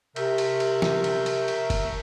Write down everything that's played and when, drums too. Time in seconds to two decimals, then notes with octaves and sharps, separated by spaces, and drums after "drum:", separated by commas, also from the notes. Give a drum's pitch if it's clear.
0.16 C3 A#4 E5 G6, drum: cymbal
0.38 drum: cymbal
0.60 drum: cymbal
0.82 drum: snare
1.04 drum: cymbal
1.26 drum: cymbal
1.48 drum: cymbal
1.70 drum: kick, cymbal